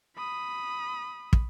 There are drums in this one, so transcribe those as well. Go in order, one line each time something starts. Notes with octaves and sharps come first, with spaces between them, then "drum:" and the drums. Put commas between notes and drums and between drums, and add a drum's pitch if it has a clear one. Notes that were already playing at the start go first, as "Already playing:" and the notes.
B5 D#6
drum: kick